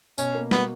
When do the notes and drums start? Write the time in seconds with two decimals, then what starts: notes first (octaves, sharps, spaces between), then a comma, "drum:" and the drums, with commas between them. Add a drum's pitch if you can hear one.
0.18 B2 C#4, drum: tambourine
0.35 A#3
0.51 B3 F#4, drum: snare